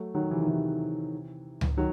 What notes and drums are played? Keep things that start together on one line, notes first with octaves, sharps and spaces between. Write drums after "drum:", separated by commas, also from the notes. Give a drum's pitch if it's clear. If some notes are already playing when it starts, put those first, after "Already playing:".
Already playing: F#3 A3
D#3 F#3
C3 E3
D#3
C3 E3
drum: tom C#2
D#3 F#3